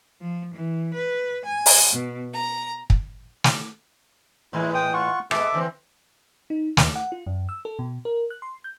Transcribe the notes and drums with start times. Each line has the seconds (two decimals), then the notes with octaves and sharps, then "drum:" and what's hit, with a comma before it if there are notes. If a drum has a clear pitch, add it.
0.22 F3
0.54 E3
0.94 B4
1.44 G#5
1.66 drum: open hi-hat
1.93 B2
2.33 A#5
2.90 drum: kick
3.44 drum: snare
4.53 A2 E3 G#3 E4
4.74 G5 D#6
4.94 F4 F#5 C#6
5.31 A#2 G#3 B3 A4 E5 D6, drum: rim click
5.53 D3 E3 C4
6.50 D#4
6.77 D#2, drum: snare
6.96 F#5
7.12 F4
7.26 F#2
7.49 E6
7.65 A4
7.79 B2
8.05 A#4
8.30 F#6
8.42 C6
8.64 G6